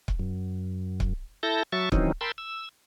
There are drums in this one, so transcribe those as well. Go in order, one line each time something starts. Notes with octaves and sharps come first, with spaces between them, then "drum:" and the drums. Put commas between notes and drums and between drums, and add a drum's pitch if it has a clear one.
drum: kick C#1
F#2
drum: kick C#1
E4 A4 A5 G6 A#6
F#3 E5 A5 C#6
D#3 E3 F#3 C4 C#4 D#4, drum: kick C#1
A#4 G5 A5 B5 C6 E6
E6